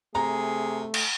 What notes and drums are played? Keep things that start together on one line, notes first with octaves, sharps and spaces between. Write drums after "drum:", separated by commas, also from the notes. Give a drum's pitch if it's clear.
C3 A3 G#4 A#5
drum: cymbal